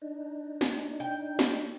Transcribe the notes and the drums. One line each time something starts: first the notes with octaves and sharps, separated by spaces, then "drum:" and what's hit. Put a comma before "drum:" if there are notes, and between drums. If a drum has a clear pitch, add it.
D4 D#4
drum: snare
G5
drum: snare